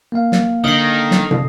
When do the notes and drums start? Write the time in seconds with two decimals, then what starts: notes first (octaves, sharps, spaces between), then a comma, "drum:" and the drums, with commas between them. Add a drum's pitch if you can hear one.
0.12 A#3 F5
0.32 drum: snare
0.64 D3 D#3 D4 D#5 D#6 C7
1.11 drum: snare
1.31 drum: tom